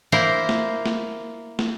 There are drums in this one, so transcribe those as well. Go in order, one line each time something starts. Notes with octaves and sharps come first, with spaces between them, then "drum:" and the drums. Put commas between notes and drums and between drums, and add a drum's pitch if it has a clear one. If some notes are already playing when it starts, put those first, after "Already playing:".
A#3 E4 A#4 C5
drum: snare
drum: snare
drum: snare